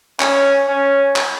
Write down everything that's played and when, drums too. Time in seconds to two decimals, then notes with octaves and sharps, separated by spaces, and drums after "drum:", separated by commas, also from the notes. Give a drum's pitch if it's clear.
0.20 C#4, drum: clap
0.68 C#4
1.16 drum: clap